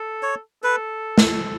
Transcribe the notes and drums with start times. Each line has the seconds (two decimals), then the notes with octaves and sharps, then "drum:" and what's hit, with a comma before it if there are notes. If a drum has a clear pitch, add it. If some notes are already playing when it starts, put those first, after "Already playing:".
Already playing: A4
0.23 C#5
0.63 A4 B4
1.18 drum: snare